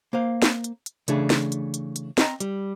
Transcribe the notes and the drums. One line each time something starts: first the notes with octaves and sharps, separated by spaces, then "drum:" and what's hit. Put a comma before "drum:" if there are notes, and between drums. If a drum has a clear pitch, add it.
A#3 C5 F5
drum: snare
drum: hi-hat
drum: hi-hat
C#3 E3 A3 D4 G#4, drum: hi-hat
drum: snare
drum: hi-hat
drum: hi-hat
drum: hi-hat
C4 D#5 A#5, drum: snare
G3, drum: hi-hat